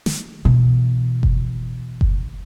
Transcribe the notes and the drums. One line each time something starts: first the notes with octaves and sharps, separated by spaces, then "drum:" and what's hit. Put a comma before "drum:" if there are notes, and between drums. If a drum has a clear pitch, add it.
drum: snare
B2 E3
drum: kick F#1
drum: kick F#1